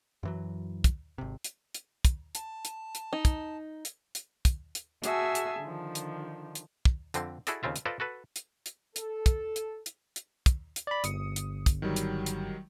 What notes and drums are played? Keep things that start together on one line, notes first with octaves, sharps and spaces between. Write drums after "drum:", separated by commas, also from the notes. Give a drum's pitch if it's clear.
F#2 E3 F#3
drum: kick, hi-hat
G#1 C3
drum: hi-hat
drum: hi-hat
drum: kick, hi-hat
A5, drum: hi-hat
drum: hi-hat
drum: hi-hat
D#4
drum: kick, hi-hat
drum: hi-hat
drum: hi-hat
drum: kick, hi-hat
drum: hi-hat
F#4 G#4 E5 G#5 A5 E6, drum: hi-hat
drum: hi-hat
D3 D#3 F3
drum: hi-hat
drum: hi-hat
drum: kick
F2 D3 C4, drum: hi-hat
E4 F#4 G#4 A4 D5 D#5, drum: hi-hat
D#2 C#3 C4 F4 E5
drum: hi-hat
F4 A4 B4 C5 D5 D#5
F#4 A4 B4
drum: hi-hat
drum: hi-hat
A4, drum: hi-hat
drum: kick, hi-hat
drum: hi-hat
drum: hi-hat
drum: hi-hat
drum: kick, hi-hat
drum: hi-hat
D5 B5
G1 D#6 C#7, drum: hi-hat
drum: hi-hat
drum: kick, hi-hat
D#3 F#3 G3
drum: hi-hat
drum: hi-hat